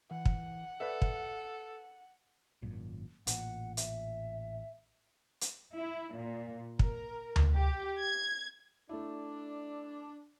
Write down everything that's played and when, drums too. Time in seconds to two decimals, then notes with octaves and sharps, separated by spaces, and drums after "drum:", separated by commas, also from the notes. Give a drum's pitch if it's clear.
0.11 E3 F#5
0.25 drum: kick
0.80 A4 B4 D5 E5
1.02 drum: kick
2.63 G#1 F#2 A#2
3.27 A1 A#2 F#5, drum: hi-hat
3.77 E5, drum: hi-hat
5.41 drum: hi-hat
5.76 E4
6.16 A#2
6.79 A#4, drum: kick
7.36 drum: tom D2
7.54 G4
7.99 G#6
8.89 A3 D4 E4